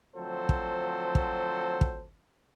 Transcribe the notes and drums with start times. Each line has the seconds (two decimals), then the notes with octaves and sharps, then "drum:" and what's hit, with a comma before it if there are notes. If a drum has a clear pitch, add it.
0.16 D2 F3 F#3 C4 A4 C5
0.49 drum: kick
1.15 drum: kick
1.81 drum: kick